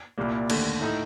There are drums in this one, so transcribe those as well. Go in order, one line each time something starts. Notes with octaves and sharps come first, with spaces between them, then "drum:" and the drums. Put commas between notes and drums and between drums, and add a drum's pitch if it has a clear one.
C2 A#2 G3 A#3
D#2 D3 A3, drum: cymbal
A2 A3 D#4